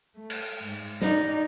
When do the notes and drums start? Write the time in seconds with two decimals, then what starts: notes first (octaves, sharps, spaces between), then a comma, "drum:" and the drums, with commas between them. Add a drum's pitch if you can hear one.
0.17 A3
0.30 drum: cymbal
0.64 G#2
1.02 D#4 D5, drum: snare